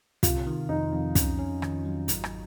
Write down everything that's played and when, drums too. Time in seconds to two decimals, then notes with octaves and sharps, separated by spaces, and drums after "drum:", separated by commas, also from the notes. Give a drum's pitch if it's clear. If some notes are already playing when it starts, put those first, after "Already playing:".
0.23 C3 F4, drum: kick, hi-hat
0.47 D#3
0.69 F2 D#4
0.92 F2
1.15 C#4, drum: kick, hi-hat
1.39 C#4
1.62 D#3, drum: rim click
1.85 F#3
2.08 G#1, drum: hi-hat
2.24 drum: rim click